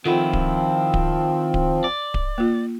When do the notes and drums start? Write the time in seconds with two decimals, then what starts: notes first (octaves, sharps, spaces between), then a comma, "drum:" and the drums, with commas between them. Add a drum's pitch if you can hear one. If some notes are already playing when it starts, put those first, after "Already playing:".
0.06 D#3 F3 C4 E4 F4 A4 F#5
0.33 drum: kick D1
0.94 drum: kick D1
1.54 drum: kick D1
1.84 D5
2.14 drum: kick D1
2.38 A#3 F4